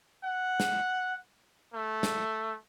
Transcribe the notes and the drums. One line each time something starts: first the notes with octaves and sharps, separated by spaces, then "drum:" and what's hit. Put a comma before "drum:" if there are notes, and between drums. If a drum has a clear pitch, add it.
F#5
drum: snare
A3
drum: snare